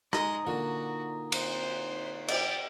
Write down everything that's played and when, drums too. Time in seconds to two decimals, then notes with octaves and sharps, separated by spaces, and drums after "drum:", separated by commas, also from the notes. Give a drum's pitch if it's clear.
0.13 G#3 D#4 D#5 A#5 D#6, drum: rim click
0.47 A#2 D3 F#4
1.32 C5, drum: cymbal
2.28 G4 D5, drum: cymbal